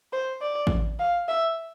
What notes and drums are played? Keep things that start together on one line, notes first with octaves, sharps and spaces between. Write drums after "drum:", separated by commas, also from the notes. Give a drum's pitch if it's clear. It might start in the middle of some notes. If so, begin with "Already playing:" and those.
C5
D5
drum: kick
F5
E5